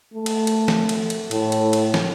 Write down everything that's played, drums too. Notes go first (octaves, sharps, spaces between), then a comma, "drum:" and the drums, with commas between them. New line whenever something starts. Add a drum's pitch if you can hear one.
A3
drum: cymbal
drum: cymbal
drum: snare
drum: cymbal
drum: cymbal
A2, drum: cymbal
drum: cymbal
drum: cymbal
drum: snare